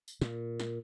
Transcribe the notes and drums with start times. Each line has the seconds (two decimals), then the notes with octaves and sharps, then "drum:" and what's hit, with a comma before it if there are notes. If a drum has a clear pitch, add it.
0.08 drum: tambourine
0.21 A#2, drum: snare
0.60 drum: snare